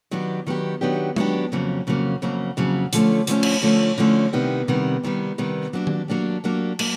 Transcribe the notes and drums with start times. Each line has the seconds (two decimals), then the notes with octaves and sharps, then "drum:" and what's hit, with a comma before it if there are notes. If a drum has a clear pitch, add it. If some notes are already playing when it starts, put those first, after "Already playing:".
0.11 D#3 F#3 B3 D4 G4
0.47 D#3 F#3 B3 D4 G4
0.81 D#3 F#3 B3 D4 G4
1.16 D#3 F#3 B3 D4 G4, drum: tom G#3
1.52 F2 C#3 F#3 A#3
1.87 F2 C#3 F#3 A#3
2.22 F2 C#3 F#3 A#3
2.57 F2 C#3 F#3 A#3
2.93 D3 F3 A3 C#4, drum: hi-hat
3.27 D3 F3 A3 C#4, drum: hi-hat
3.43 drum: cymbal
3.62 D3 F3 A3 C#4
3.98 D3 F3 A3 C#4
4.33 C3 D#3 G3 B3
4.68 C3 D#3 G3 B3
5.03 C3 D#3 G3 B3
5.38 C3 D#3 G3 B3
5.73 F#3 A#3 D4 G4
5.87 drum: tom D#3
6.08 F#3 A#3 D4 G4
6.44 F#3 A#3 D4 G4
6.79 F#3 A#3, drum: cymbal